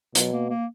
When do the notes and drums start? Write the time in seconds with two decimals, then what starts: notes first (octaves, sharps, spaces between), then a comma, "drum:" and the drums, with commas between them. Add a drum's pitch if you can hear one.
0.15 B2 F#3, drum: hi-hat
0.32 A#3
0.50 A#3